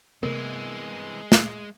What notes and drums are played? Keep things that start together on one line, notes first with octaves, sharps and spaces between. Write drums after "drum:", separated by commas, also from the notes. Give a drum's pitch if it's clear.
C2 C3 E3 G#3 A3 B3 A#4
drum: snare